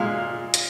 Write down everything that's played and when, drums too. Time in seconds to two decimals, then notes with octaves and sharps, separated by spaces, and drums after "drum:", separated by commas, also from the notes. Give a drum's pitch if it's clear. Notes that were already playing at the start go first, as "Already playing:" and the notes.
Already playing: A#2 G#3 F5
0.54 drum: hi-hat